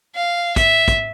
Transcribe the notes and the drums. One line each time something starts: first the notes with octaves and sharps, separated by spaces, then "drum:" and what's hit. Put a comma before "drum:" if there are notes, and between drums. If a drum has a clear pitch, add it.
F5
E5, drum: kick, hi-hat
drum: kick, hi-hat